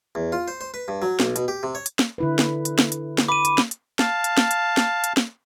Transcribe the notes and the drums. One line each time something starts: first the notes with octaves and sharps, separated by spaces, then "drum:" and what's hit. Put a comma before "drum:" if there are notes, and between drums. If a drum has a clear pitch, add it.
E2
F4
C5
C5
B4
G2
F#3
B1, drum: snare
B2, drum: hi-hat
G4
C3
C#5
drum: hi-hat
drum: snare
D3 E4 B4
drum: snare
drum: hi-hat
drum: snare
drum: hi-hat
drum: snare
B5 D6 D#7
drum: hi-hat
drum: snare
drum: hi-hat
F5 A5, drum: snare
drum: hi-hat
drum: snare
drum: hi-hat
drum: snare
drum: hi-hat
drum: snare